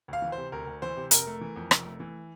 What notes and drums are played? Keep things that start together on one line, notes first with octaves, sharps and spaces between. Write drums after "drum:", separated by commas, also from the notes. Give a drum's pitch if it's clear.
D2 F5
E3
C5
C3
D2 A#4
D2
E3 C5
C3
F1 A#4, drum: hi-hat
A3
E3
F2
F1, drum: rim click
A3
E3